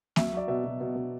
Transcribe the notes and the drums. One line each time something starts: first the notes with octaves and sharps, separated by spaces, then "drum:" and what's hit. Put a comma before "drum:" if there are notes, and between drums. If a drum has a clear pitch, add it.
F#3 E5, drum: snare A#3
F#3 D5
B2 E5
B2
B2
B2